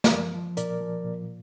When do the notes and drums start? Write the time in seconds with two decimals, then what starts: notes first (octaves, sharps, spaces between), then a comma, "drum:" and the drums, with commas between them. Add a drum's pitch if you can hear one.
0.04 D#5, drum: snare
0.11 F3 A#4 D5
0.35 F3
0.57 A#2 A#4 D5, drum: hi-hat
0.81 F3
1.04 A#2